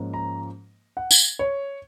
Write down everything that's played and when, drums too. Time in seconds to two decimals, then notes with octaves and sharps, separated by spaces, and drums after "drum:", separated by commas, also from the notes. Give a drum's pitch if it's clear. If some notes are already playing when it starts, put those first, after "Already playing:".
Already playing: G#2 F3 A#3 C#4
0.14 A#5
0.97 F#5
1.11 drum: tambourine
1.39 C#5